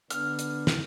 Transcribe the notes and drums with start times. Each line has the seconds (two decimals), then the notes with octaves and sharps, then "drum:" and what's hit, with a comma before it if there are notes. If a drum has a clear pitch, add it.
0.10 D3 B3 D4 F6, drum: hi-hat
0.39 drum: hi-hat
0.67 drum: snare